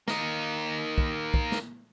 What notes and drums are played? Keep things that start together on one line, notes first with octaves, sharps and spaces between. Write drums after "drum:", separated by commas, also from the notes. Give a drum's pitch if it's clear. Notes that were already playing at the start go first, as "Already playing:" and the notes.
A#3 D#4, drum: snare
drum: kick
drum: kick
drum: snare